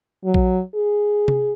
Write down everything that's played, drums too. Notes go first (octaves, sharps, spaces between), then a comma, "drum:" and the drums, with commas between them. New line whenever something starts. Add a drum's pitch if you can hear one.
F#3
drum: kick A#1
G#4
drum: tom